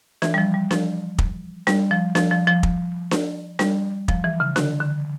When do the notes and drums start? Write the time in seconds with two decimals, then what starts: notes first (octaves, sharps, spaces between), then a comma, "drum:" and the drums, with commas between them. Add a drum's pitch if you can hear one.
0.22 E3, drum: snare D4
0.34 G3
0.38 F3
0.54 G3
0.71 F3, drum: snare D4
1.18 drum: kick
1.67 G3, drum: snare D4
1.91 F3
2.15 F3, drum: snare D4
2.31 F3
2.47 F3
2.63 drum: kick
3.11 drum: snare D4
3.59 G3, drum: snare D4
4.08 F3, drum: kick
4.24 E3
4.40 C#3
4.56 D3, drum: snare D4
4.80 D3